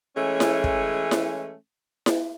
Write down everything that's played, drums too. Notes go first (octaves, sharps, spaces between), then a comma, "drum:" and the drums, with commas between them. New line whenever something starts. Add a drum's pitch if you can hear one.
E3 G#3 A3 C#4
drum: snare E4
drum: kick
drum: snare E4
drum: snare E4